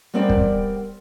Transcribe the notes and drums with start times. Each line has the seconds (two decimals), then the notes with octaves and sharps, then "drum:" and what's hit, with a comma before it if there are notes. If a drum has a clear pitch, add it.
0.14 G3 B3 C4 A#4 D5 G5
0.30 drum: kick